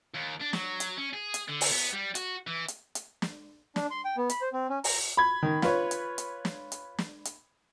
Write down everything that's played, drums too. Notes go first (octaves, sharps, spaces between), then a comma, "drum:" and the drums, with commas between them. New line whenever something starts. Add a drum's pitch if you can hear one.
D#2
D4
F#3, drum: snare
drum: hi-hat
C#4
G#4
drum: hi-hat
D3
drum: open hi-hat
B3
G3
F#4, drum: hi-hat
E3
drum: hi-hat
drum: hi-hat
drum: snare
D4, drum: snare
C6
G5
B3
B5, drum: hi-hat
C5
C4
C#4
A#5, drum: open hi-hat
B5 G#6
D#3
F4 B4 C#5, drum: snare
drum: hi-hat
drum: hi-hat
drum: snare
drum: hi-hat
drum: snare
drum: hi-hat